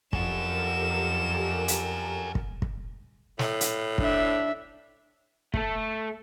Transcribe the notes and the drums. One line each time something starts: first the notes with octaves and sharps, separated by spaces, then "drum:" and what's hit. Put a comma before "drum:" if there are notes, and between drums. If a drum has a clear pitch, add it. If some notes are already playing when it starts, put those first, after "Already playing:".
F2 C#4 F#4 G4 A4 A#4 E7, drum: kick
drum: hi-hat
drum: kick
drum: kick
A2, drum: snare
drum: hi-hat
D4 E5, drum: kick
A3 A4, drum: kick